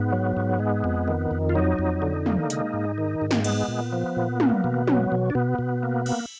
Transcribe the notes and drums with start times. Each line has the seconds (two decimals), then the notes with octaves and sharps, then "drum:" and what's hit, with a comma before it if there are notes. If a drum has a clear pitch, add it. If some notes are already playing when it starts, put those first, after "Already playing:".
Already playing: G#2 B3
0.12 F#3
0.37 G#2
0.59 G#3
0.84 F2
1.08 D#3
1.31 F2
1.49 F4
1.55 F#3 D#4
1.79 F2
2.02 D3
2.26 A#3, drum: tom
2.50 G#3, drum: hi-hat
2.73 G#2
2.98 D#3
3.21 G#2
3.31 drum: snare
3.44 G#3 B3, drum: cymbal
3.68 A#2
3.93 F3
4.17 A#2
4.40 A#3, drum: tom
4.64 B2
4.88 F#3, drum: tom
5.12 B2
5.30 D4
5.35 B2 B3
5.59 B2
5.83 A#3
6.06 A#3, drum: cymbal